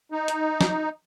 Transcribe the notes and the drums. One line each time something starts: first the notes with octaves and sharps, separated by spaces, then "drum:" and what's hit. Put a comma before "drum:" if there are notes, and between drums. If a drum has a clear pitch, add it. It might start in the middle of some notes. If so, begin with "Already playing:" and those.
D#4
drum: hi-hat
drum: snare